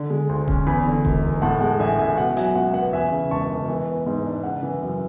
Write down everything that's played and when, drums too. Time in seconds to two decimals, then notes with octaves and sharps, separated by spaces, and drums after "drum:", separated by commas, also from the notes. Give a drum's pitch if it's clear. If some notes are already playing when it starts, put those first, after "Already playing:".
Already playing: D3
0.10 G#3
0.29 D2
0.48 C#4, drum: kick D#1
0.67 E2 G#5 B5
0.86 D3
1.05 E1, drum: kick D#1
1.24 E1
1.42 A2 F#5 A5
1.61 G#3 F#5
1.80 A1 E5 G#5
1.99 A1 E5 G#5
2.17 B2 F#5
2.37 F#3 E5 G#5, drum: hi-hat
2.55 C#2 F#5
2.74 B3 F#5
2.93 E2 E5 G#5
3.12 C#3
3.31 E1 A5 C#6
3.50 E1
3.68 E3
3.87 B3
4.06 G#2
4.25 D4
4.43 C#3 F#5
4.63 E3
4.82 F#2